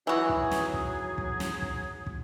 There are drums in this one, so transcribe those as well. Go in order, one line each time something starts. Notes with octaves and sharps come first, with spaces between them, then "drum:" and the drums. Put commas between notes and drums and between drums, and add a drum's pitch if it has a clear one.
E3 F#3 D#4 F#4 G#4
drum: kick
drum: snare
drum: kick
drum: kick
drum: snare
drum: kick
drum: kick